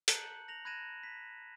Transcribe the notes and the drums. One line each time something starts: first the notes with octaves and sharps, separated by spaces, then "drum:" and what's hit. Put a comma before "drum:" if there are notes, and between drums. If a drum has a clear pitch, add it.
A5 A#5 F#6 G6 C#7 F#7, drum: hi-hat
A#6 F7 F#7
B5 F#6 G#6 A#6 D#7 E7
B6